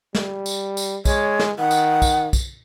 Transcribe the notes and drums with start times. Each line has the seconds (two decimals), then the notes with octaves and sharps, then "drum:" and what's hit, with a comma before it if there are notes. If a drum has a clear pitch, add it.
0.15 G3, drum: snare
0.46 drum: tambourine
0.77 drum: tambourine
1.05 G#3 C#5, drum: kick, tambourine
1.39 drum: snare
1.59 D#3 F#5
1.71 drum: tambourine
2.02 drum: kick, tambourine
2.33 drum: kick, tambourine